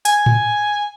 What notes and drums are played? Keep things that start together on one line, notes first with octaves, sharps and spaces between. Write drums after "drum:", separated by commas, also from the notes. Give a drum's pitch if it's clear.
G#5, drum: hi-hat
drum: tom A2